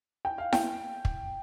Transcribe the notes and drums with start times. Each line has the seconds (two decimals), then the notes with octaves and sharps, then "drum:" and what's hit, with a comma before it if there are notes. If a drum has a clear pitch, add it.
0.25 G5
0.38 F5
0.53 G5, drum: snare E4
1.05 drum: kick